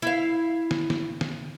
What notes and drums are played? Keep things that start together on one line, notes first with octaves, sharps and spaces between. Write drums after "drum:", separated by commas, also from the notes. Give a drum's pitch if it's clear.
E4 F5
drum: snare
drum: snare
drum: snare